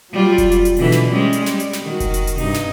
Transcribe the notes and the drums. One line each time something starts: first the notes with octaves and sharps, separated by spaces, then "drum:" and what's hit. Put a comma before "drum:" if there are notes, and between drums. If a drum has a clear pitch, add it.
F#3 G3 F4
drum: kick F1, hi-hat
drum: hi-hat
drum: hi-hat
B2 D3 E3, drum: open hi-hat
drum: snare
G3 G#3 C#4
drum: hi-hat
G3, drum: snare
drum: hi-hat
drum: snare
D#3 F#4
drum: kick F1, hi-hat
drum: hi-hat
drum: hi-hat
G2 C3 D#4, drum: open hi-hat
drum: snare